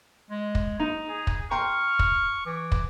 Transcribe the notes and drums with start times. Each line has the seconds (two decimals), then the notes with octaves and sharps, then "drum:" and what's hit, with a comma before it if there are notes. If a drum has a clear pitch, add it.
0.31 G#3
0.55 drum: kick
0.80 D#4 A#5
1.09 G#4
1.27 drum: kick
1.51 G5 A#5 C6 C#6 F6
1.99 drum: kick
2.46 E3 D6
2.72 drum: kick